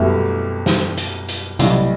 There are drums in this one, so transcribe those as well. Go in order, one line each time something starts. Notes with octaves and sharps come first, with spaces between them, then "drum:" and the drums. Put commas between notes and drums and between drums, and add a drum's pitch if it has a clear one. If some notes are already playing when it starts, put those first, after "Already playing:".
Already playing: C2 F#2 B2 A3 E4 G4
drum: snare
drum: hi-hat
drum: hi-hat
B1 A2 C3 G3, drum: hi-hat